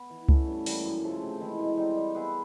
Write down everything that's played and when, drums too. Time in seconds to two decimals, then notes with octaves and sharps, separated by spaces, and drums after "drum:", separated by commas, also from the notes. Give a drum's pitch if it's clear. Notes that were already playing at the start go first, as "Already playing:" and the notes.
Already playing: B3
0.10 E3
0.29 A3 C#4, drum: kick C#2
0.47 G2
0.66 E3 G3 A#3, drum: open hi-hat
0.84 F#2
1.03 C#3 F3 A3
1.22 C3
1.40 E3 G#3 C4
1.59 B2
1.77 G3 C4 D#4
1.96 G3
2.14 B3 E4 G#4